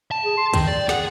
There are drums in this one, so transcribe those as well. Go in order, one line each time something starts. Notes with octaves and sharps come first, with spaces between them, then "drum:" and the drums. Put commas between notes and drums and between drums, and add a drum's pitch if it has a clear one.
A5
G#4
C6
D#3 G5, drum: kick, hi-hat
D5
G#4 F#5, drum: snare